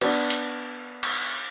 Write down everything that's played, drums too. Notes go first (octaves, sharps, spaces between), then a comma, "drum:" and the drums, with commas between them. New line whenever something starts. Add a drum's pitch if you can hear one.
B3 D4, drum: cymbal
drum: hi-hat
drum: cymbal